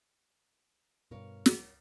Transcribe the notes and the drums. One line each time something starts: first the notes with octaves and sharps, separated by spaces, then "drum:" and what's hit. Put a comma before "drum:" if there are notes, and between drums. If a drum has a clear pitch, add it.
G2 B2 A#4 C#5 F5
drum: snare